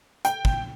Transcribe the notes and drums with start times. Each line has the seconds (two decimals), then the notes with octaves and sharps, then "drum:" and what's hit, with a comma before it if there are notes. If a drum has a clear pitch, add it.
0.25 G5, drum: hi-hat
0.45 drum: kick